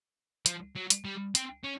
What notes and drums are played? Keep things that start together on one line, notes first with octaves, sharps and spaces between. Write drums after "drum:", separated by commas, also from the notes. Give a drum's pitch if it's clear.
F3, drum: hi-hat
F#3
drum: hi-hat
G3
C4, drum: hi-hat
C#4